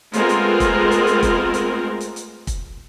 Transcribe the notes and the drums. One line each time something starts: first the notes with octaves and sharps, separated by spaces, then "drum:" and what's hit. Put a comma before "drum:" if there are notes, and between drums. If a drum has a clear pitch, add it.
G#3 A3 B3 C4 F4 A#4, drum: hi-hat
drum: hi-hat
drum: kick, hi-hat
drum: hi-hat
drum: hi-hat
drum: kick, hi-hat
drum: hi-hat
drum: hi-hat
drum: hi-hat
drum: kick, hi-hat